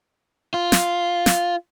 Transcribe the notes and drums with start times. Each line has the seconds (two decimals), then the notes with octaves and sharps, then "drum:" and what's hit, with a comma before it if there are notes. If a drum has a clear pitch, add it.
0.54 F4
0.72 drum: snare
1.26 drum: snare